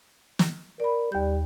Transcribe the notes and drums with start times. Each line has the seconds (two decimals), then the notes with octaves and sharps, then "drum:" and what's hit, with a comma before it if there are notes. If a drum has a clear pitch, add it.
0.39 drum: snare
0.80 A#4 D5 B5
1.12 D#2 G3 G6